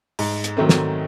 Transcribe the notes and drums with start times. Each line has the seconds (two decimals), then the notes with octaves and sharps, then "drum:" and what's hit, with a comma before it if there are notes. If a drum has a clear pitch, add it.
0.19 G#2, drum: open hi-hat
0.44 drum: hi-hat
0.57 D#3 F#3 A3 C4
0.69 drum: snare